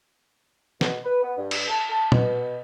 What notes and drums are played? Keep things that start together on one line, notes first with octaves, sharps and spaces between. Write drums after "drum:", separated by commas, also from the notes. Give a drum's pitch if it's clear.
B2, drum: snare
B4
B3
G2
drum: cymbal
A5
A5
B2, drum: tom A#2